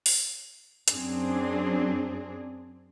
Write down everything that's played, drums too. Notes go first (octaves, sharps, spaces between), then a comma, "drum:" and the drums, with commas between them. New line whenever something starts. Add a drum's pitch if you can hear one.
drum: open hi-hat
F#2 C4 D4 G#4, drum: hi-hat